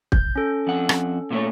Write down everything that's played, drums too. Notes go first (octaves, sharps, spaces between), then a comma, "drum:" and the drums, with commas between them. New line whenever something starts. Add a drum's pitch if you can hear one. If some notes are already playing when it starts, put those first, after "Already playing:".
G6, drum: kick
C#4 A4
F2 F#5
drum: rim click
A#2 A3 C#5